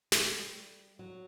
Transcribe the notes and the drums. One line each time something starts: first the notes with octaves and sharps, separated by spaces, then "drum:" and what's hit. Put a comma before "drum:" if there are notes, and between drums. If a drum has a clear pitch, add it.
A3, drum: snare
G3
F#3